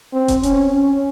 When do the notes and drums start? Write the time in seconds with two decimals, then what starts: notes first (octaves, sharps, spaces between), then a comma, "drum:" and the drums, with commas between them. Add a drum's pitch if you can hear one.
0.13 C4
0.28 drum: kick E1, hi-hat
0.43 C#4, drum: hi-hat
0.73 C#4